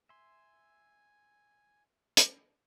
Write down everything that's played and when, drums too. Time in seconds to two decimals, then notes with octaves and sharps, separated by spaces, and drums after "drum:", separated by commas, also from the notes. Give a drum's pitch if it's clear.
0.09 E5 G#5 C6
2.17 drum: hi-hat